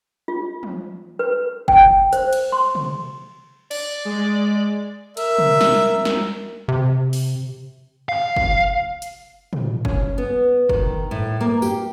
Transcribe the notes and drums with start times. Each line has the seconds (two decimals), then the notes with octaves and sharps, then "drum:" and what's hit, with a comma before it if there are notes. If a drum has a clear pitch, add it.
0.28 F4
0.63 drum: tom
1.19 B4
1.68 G5, drum: kick
2.13 C5, drum: hi-hat
2.33 drum: cymbal
2.52 C6
2.75 drum: tom
3.71 D5, drum: cymbal
4.05 G#3
5.17 A#4 E5, drum: cymbal
5.39 drum: tom
5.61 drum: snare
5.90 drum: tom
6.05 drum: snare
6.68 C3
7.13 drum: open hi-hat
8.09 F5
8.36 drum: kick
9.02 drum: hi-hat
9.53 drum: tom
9.85 C#4, drum: kick
10.18 B3
10.69 D#3, drum: kick
11.11 A2
11.41 A#3
11.62 G4, drum: tambourine